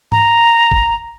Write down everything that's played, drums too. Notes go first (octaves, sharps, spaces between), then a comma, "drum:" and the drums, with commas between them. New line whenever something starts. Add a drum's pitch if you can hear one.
A#5, drum: tom G#2
drum: kick